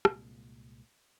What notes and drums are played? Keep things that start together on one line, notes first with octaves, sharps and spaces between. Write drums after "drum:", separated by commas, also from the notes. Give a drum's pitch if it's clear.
C2 A#2 G#3, drum: rim click